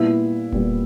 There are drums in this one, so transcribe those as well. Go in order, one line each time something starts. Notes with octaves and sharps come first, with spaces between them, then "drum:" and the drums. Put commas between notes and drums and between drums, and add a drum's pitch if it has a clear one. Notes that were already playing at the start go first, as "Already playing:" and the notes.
Already playing: A#2 G3 B3 E4
A#2 G3 B3, drum: kick E1